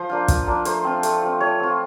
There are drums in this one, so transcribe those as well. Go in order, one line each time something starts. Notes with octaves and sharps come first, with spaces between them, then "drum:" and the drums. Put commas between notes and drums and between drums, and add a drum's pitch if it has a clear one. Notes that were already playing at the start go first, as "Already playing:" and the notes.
Already playing: F3 C5
A#3 D4 F4
F3, drum: kick, hi-hat
A#3 D4 F4
A3 C5, drum: hi-hat
C4 F4
A3, drum: hi-hat
C4 F4
A3 C#5
C4 F4